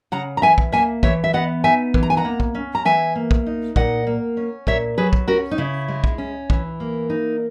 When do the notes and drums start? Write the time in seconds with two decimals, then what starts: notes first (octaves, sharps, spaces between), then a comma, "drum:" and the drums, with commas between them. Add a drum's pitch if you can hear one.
0.12 C#3 F#5 A#5
0.37 A#5
0.42 E3 E5 G#5
0.58 drum: kick
0.72 A#3 E5 G#5
1.03 E3 C#5 E5, drum: kick
1.24 E5
1.33 B3 D#5 F#5
1.64 D#4 E5 G#5
1.94 E3, drum: kick
2.03 A#5
2.10 G#5
2.17 F#5 A#5
2.25 A#3
2.40 drum: kick
2.55 C#4
2.75 A#5
2.85 E3 E5 G#5
3.15 A#3
3.31 drum: kick
3.47 D#4
3.76 A#2 D#5 F#5, drum: kick
4.07 A#3
4.37 C#4
4.67 A#2 C#5 E5, drum: kick
4.98 F#3 G#4 B4
5.13 drum: kick
5.28 C#4 F#4 A#4
5.51 D#4
5.58 C#3 E4
5.88 G#3
6.04 drum: kick
6.18 C#4
6.50 E3, drum: kick
6.80 A#3
7.10 D#4